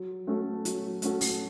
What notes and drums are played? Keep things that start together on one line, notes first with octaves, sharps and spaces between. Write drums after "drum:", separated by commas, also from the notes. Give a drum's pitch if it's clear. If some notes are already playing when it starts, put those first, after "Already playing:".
Already playing: F#3
A3 C#4 F#4 A4
F#3, drum: hi-hat
A3 C#4 F#4 A4, drum: hi-hat
drum: open hi-hat